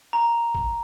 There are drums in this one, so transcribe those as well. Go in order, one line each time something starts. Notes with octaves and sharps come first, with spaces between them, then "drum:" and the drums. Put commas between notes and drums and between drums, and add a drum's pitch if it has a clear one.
A#5
drum: kick A1